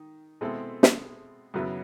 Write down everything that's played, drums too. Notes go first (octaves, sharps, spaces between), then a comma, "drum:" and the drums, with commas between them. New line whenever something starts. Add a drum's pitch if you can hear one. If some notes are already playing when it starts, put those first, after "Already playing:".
Already playing: D#3
B2 G#3 C4 E4 A4
drum: snare
F#2 C#3 F#3 B3 E4